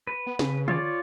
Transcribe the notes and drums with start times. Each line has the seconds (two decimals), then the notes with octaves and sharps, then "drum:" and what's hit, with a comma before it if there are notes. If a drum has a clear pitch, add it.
0.07 B4
0.27 B3
0.39 C#3, drum: snare
0.68 F4 C#5 D5, drum: tom D3